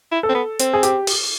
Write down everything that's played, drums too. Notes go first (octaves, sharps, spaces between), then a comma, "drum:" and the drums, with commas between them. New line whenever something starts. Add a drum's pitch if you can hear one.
E4
A4
C4
B3
C4, drum: hi-hat
G#4
G4, drum: hi-hat
drum: open hi-hat